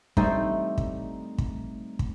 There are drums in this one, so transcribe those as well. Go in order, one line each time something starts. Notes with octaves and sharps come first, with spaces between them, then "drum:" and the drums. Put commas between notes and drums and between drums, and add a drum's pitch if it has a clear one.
G3 A3 C4 D#4, drum: kick
drum: kick
drum: kick
drum: kick